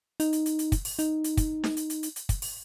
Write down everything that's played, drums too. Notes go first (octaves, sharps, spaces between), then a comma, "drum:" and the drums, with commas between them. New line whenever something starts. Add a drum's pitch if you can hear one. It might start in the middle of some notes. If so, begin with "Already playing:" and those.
D#4, drum: hi-hat
drum: hi-hat
drum: hi-hat
drum: hi-hat
drum: kick, hi-hat
drum: open hi-hat
D#4, drum: hi-hat
drum: hi-hat
drum: kick, hi-hat
drum: snare D#4
drum: hi-hat
drum: hi-hat
drum: hi-hat
drum: hi-hat
drum: kick, hi-hat
drum: open hi-hat